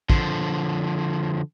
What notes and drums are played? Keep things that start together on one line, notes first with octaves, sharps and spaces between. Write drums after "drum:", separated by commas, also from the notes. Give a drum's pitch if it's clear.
D3 F3, drum: kick